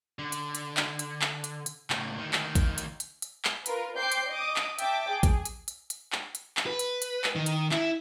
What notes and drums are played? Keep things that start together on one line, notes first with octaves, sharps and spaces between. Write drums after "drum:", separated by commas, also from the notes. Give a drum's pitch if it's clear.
D3
drum: hi-hat
drum: hi-hat
drum: clap
drum: hi-hat
drum: clap
drum: hi-hat
drum: hi-hat
C#2 A2, drum: clap
D2 D#3
drum: clap
drum: kick, hi-hat
drum: hi-hat
drum: hi-hat
drum: hi-hat
drum: clap
F4 A#4 B4, drum: hi-hat
C5 G5 D6 G6 C7
drum: hi-hat
D#5 D6 D#6
drum: clap
E5 G5 A5 D6, drum: hi-hat
G#4
drum: kick, hi-hat
drum: hi-hat
drum: hi-hat
drum: hi-hat
drum: clap
drum: hi-hat
drum: clap
B4
drum: hi-hat
drum: hi-hat
drum: clap
D#3
drum: hi-hat
E4, drum: clap